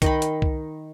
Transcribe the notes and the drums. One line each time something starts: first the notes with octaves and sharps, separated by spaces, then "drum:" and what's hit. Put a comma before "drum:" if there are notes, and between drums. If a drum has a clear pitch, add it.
D#3 D#5 B5, drum: kick C2, hi-hat
drum: hi-hat
drum: kick C2